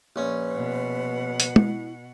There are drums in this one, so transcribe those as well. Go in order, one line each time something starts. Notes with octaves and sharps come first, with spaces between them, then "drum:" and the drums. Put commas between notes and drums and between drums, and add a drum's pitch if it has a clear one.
A#1 C#4 B4
B2 F#5
drum: hi-hat
E4, drum: tom